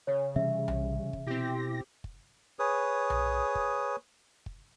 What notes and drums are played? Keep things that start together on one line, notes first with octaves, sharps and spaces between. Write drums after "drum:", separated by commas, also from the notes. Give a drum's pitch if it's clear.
C#3 C#5
C3 E3 G3 C#4 E5
drum: tom B1
drum: kick
B2 C4 E4 G4 A#6
drum: kick
G#4 B4 C#5 D#6
drum: tom B1
drum: kick
drum: kick